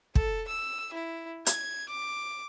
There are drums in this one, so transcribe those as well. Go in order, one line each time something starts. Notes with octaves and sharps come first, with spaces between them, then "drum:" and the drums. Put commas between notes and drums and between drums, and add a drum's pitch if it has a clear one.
A4, drum: kick
E6
E4
G#6, drum: hi-hat
D6